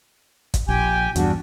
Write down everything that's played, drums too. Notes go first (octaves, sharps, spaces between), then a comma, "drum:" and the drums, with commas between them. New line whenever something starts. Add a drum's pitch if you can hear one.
drum: kick, hi-hat
A#1 G4 G5 G#5
E2 G2 D4 F#4, drum: hi-hat